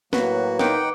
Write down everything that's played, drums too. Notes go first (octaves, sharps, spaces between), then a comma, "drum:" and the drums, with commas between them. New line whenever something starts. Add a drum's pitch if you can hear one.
A2 F#3 A#3 F#4 B4, drum: snare
D#3 D#4 F#5 G5 D6, drum: snare